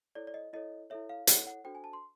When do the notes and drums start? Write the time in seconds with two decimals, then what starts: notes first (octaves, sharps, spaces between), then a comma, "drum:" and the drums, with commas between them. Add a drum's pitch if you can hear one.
0.15 E4 A4 C#5 D5
0.27 D5
0.34 D#5
0.53 E4 A4 C#5 D#5
0.90 E4 A4 C#5 E5
1.09 F5
1.27 E4 A4 C#5 F#5, drum: hi-hat
1.47 F#5
1.64 D4 F#4 A4 C5 G5
1.75 G#5
1.84 A5
1.93 C6